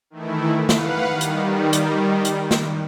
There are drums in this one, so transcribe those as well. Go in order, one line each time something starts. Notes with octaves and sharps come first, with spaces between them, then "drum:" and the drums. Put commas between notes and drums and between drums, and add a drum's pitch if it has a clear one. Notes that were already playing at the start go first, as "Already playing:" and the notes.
D#3 E3 A3 E4
B4 F5 F#5, drum: snare
D#3 G3
drum: hi-hat
drum: hi-hat
drum: hi-hat
drum: snare